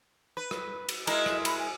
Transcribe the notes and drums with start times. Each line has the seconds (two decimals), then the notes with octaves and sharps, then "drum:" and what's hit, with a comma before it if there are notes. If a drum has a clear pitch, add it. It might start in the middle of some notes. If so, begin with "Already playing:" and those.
0.37 B4
0.51 drum: rim click
0.89 drum: cymbal
1.07 G#3 E4 A#4 D#5, drum: cymbal
1.26 drum: rim click
1.45 B5, drum: cymbal
1.59 G#5